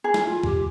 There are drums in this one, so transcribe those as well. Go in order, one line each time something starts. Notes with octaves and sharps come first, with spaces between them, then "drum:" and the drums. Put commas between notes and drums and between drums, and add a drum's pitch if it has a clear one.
G#4
drum: snare
F4
G4, drum: kick